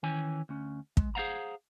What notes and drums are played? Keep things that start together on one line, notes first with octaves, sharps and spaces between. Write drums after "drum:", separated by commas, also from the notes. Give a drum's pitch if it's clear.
D#3 E3 C#4 G#5
D2 C#4
G#3, drum: kick
G#4 C5 D5 F5 F#5 A#5